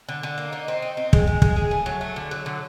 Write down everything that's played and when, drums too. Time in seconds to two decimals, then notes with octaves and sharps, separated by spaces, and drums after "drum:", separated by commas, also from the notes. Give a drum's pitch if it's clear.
0.09 D3
0.23 D3
0.38 A#3
0.53 D#4
0.68 C4
0.82 D#4
0.97 C4
1.13 G#3, drum: kick
1.27 G#3
1.42 G#3, drum: kick
1.56 G#4
1.71 A3
1.86 F#3
2.01 A3
2.16 D3
2.31 F#3
2.46 D3